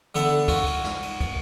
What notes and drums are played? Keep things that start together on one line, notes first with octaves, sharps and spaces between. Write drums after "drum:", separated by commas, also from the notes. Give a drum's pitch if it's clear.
D3 B3 A4 E5 F#5 A5
F4 F#4, drum: kick, cymbal
drum: cymbal
drum: snare
drum: cymbal
drum: kick, cymbal